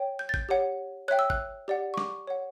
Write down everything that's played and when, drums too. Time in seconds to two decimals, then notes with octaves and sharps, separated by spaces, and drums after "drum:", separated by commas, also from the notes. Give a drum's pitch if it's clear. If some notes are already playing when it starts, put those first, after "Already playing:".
Already playing: C#5 G5
0.19 G6
0.29 A6
0.34 G6, drum: kick G1
0.49 G4 C#5 F#5
1.08 C#5 E5 G5 F#6
1.19 E6
1.30 F#6, drum: kick G1
1.68 G4 D5 F#5
1.94 C#6
1.97 D6, drum: snare
2.27 C#5 F#5